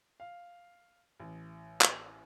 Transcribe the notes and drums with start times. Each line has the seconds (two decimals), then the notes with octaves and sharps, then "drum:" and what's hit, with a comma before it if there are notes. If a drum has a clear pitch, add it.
0.20 F5
1.20 A1
1.81 drum: clap